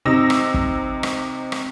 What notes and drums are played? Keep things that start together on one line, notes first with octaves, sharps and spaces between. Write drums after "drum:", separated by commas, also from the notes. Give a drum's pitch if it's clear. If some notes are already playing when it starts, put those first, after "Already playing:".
C3 D#4 E6 A#6
drum: rim click
drum: kick
drum: rim click
drum: rim click